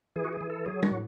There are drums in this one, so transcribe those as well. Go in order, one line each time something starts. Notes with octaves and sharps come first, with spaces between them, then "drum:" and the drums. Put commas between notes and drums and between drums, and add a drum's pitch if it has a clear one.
E3 G#4
F#4
G#4
E3
A4
F#3 G#4
F#4, drum: tom
A2